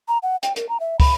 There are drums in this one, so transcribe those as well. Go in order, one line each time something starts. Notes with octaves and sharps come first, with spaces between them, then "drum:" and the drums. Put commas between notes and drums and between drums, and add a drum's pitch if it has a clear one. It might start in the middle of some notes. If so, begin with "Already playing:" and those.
A#5
F#5
G5, drum: hi-hat
A#4, drum: hi-hat
A#5
E5
B5, drum: kick, open hi-hat